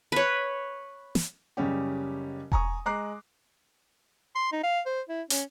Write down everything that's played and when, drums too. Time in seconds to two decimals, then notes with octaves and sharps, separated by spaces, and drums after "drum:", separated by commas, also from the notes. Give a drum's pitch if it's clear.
0.12 B4 C#5
1.15 drum: snare
1.57 F#1 C#3 G3 C#4 G4
2.52 G#5 A#5 C#6 D#6, drum: kick E1
2.86 G#3 A#5 D6 F#6 C7
4.35 C6
4.52 D#4
4.63 F5
4.86 C5
5.09 E4
5.30 C#4, drum: hi-hat